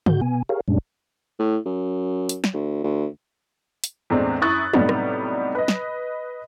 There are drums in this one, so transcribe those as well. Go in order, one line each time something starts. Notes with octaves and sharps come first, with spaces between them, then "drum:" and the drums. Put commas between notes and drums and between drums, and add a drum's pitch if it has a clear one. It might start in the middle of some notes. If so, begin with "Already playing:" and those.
G#2 F#4 G6, drum: tom
B2 B3 G#5
G4 G#4 A#4 C#5 F5
F#2 A#2 G3 G#3 C#4 D4
A2
F#2
drum: hi-hat
drum: snare
D2
D2
drum: hi-hat
E2 A2 G#3 C4 D4
F#2 E4 C#6 D#6 F#6 A6
A2 C3 F#3 G3 B3 D#4, drum: tom
drum: rim click
B4 D#5
drum: snare